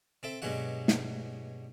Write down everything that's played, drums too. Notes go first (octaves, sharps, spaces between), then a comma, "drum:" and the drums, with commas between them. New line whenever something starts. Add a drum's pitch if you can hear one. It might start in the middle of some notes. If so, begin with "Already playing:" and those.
C4 A4 E5
G2 B2 F#3 G#3 F#4 F#5
drum: snare